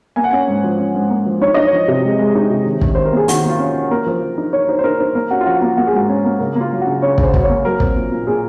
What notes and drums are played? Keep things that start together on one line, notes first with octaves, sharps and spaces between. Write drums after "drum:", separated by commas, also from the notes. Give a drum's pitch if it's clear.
A#3 G#5
F#5
C#4 G#5
G#2
F3
C#4
G#2
A#3
F3
D#4 C#5
D#4 D#5
C#5
F3
C3
G#3
G#3
D#4
C3
D#3
D#3, drum: kick
D#3 C5
A#4
A#3 G#4
D#3 F#4, drum: hi-hat
A#3 F4
C#4
C#4
A#3 A#4
F3
F3
D#4
D#4 C#5
D#4 C5
C5
D#4 A#4
D#4 C5
A#3 A#4
C#4 F#4
F4
F3 F#4
A#3 F#4
A#3 F#4
G#4
G#2 F#4
C#4
A#3
C#3 A#4
A#3
F4
F#3
C#3 F#4
C#3 C#5
C#3, drum: kick
C5
F#2, drum: kick
C#5
A#3
F#3 A#4
C4, drum: kick
A#2
A#2
A#2 G#4